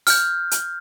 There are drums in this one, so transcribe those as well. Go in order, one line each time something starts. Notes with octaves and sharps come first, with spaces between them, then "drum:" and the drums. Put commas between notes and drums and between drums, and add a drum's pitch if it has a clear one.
F6 G6, drum: open hi-hat
drum: hi-hat